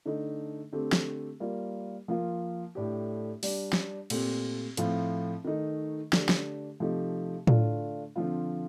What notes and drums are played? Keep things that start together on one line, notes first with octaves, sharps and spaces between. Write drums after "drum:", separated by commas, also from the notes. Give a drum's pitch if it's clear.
D3 A3 D#4
D3 A3 C4 G4
drum: snare
G3 A#3 F4
F3 A#3 F4
A2 A3 D4 G4
G3 D4 G4, drum: open hi-hat
drum: snare
A#2 A3 C4 G4, drum: cymbal
A2 F3 C4 F4, drum: hi-hat
D#3 A3 D#4
D3 A3 D4 G4, drum: snare
drum: snare
C3 F3 A3 D#4 G4
D3 A3 D4 F4, drum: tom A2
D3 F3 C4 F4